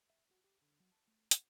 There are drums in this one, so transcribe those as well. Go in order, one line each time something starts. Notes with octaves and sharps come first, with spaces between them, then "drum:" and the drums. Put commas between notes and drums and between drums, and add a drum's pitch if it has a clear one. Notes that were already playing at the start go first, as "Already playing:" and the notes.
E5
F#4
G4
D3
F#3
A5
A3
F#5, drum: hi-hat